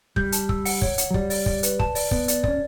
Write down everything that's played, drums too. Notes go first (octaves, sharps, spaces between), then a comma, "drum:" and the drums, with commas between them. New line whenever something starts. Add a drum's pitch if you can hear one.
G3 G6, drum: kick
A5, drum: hi-hat
E6, drum: kick
F#5, drum: open hi-hat
C#5, drum: kick
F#5, drum: hi-hat
F#3
G3 D5, drum: kick
D5, drum: open hi-hat
D5, drum: kick
B4, drum: hi-hat
A5, drum: kick
D5, drum: open hi-hat
B3 D5, drum: kick
D5, drum: hi-hat
C#4 D5, drum: kick